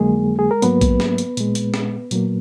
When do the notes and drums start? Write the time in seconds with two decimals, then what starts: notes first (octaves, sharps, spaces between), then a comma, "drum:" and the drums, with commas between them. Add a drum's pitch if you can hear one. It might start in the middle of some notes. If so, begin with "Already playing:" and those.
Already playing: F2 D3 F#3 G#3 A#3 G#4
0.39 G#4
0.51 A#4
0.62 G#2 F#3 A#3 B3 B4, drum: hi-hat
0.81 drum: kick A#1, hi-hat
1.00 drum: snare
1.18 drum: hi-hat
1.37 A#2 G#3, drum: hi-hat
1.55 drum: hi-hat
1.74 drum: snare
2.11 A#2 F#3 A#3, drum: hi-hat